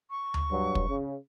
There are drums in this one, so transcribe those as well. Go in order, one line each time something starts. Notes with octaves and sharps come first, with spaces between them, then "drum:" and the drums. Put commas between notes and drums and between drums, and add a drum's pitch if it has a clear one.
C#6
drum: tom D2
G2 F#3
drum: kick
C#3